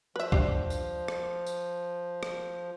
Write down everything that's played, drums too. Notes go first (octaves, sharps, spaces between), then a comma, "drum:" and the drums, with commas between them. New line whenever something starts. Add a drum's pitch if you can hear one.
F3 B4 E5
D4 G4, drum: kick
drum: tambourine
drum: rim click
drum: tambourine
drum: rim click